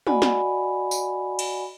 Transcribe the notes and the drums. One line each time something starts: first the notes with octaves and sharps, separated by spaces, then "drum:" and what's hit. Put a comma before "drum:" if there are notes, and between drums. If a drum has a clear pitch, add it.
F#4 D5 D#5 F#5 G#5 B5, drum: tom
drum: snare
drum: tambourine
drum: cymbal